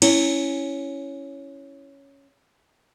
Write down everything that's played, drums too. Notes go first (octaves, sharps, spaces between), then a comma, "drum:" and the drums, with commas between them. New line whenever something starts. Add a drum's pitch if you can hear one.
C#4 E4, drum: cymbal